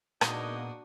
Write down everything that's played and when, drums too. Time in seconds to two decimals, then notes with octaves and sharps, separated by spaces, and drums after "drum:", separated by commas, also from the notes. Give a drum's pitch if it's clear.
0.21 A#2 G#3 A#3 B3 D4 D#4 F#4 D#6, drum: rim click